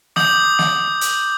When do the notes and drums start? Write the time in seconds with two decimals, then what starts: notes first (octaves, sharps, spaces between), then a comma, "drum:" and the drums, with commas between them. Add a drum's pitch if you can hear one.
0.16 D6 D#6 G6 F#7, drum: snare
0.59 drum: snare
1.01 drum: hi-hat